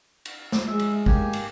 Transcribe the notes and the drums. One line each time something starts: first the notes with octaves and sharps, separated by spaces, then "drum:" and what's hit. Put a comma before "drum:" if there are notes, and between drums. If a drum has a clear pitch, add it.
drum: cymbal
drum: snare
G#3 E5
drum: cymbal
A#3 G4 G#5, drum: kick
drum: cymbal